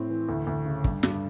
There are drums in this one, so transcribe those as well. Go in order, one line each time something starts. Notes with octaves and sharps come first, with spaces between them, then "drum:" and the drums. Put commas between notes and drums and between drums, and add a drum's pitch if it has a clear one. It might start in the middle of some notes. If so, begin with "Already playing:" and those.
Already playing: A2 C4
E3
D2
D2
C#3
G2, drum: kick
G2, drum: snare